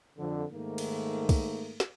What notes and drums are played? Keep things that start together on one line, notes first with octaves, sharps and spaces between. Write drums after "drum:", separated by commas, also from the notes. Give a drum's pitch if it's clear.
F2 D3
G#2 D#3 A3 A#3
drum: cymbal
drum: kick, cymbal
drum: snare